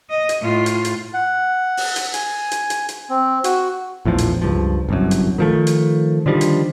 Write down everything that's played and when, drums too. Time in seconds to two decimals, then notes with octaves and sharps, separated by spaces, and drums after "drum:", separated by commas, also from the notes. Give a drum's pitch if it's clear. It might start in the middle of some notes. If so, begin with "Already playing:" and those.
0.10 D#5
0.29 drum: hi-hat
0.42 A2 F4
0.66 drum: hi-hat
0.85 drum: hi-hat
1.14 F#5
1.77 drum: open hi-hat
1.96 drum: hi-hat
2.14 G#5, drum: hi-hat
2.51 drum: hi-hat
2.70 drum: hi-hat
2.89 drum: hi-hat
3.09 C4
3.44 F#4, drum: hi-hat
4.05 A#1 E2 A2 F3
4.18 drum: hi-hat
4.42 C#2 G2 F3
4.89 G1 C2 F#2
5.11 drum: hi-hat
5.38 D#3 F3 A3
5.67 drum: hi-hat
6.26 D3 D#3 F3 G3
6.41 drum: hi-hat